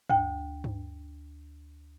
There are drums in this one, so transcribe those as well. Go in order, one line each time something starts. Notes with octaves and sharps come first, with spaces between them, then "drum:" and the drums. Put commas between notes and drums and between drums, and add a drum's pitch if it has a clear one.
D2 G5, drum: tom G2
drum: tom G2